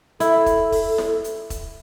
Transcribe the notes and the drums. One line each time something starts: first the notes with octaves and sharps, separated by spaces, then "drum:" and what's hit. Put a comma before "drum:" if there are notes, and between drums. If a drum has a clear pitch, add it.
E4 A4, drum: hi-hat
drum: kick E1, hi-hat
drum: kick E1, open hi-hat
drum: snare E4
drum: hi-hat
drum: kick E1, hi-hat